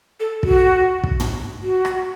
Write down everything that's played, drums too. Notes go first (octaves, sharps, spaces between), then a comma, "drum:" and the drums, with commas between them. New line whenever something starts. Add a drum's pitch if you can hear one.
A4
F#4, drum: kick
drum: kick
drum: tom
F#4
drum: rim click